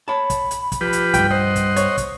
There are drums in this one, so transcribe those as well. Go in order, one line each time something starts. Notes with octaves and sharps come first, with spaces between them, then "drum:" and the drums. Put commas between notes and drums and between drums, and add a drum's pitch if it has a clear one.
C#5 A5 B5
drum: kick, hi-hat
drum: hi-hat
drum: kick, hi-hat
F3 G4 B4
drum: hi-hat
C#2 G2 G5, drum: kick, hi-hat
C5 D#5 F#5 C6
drum: kick, hi-hat
C#5, drum: hi-hat
drum: kick, hi-hat